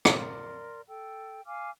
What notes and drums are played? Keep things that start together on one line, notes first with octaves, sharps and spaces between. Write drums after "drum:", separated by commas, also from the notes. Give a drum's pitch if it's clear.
A#4 D5 C6, drum: rim click
A4 G5
F5 G#5 D6 F6